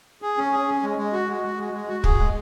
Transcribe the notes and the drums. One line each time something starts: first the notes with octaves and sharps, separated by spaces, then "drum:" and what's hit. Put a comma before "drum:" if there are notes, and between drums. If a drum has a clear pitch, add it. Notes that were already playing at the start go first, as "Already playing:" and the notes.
G#4
C#4
G#4
C#4
G#3
G#3
F#4
G#3
F#4
G#3
G#3
F#4
G#4, drum: kick
G#3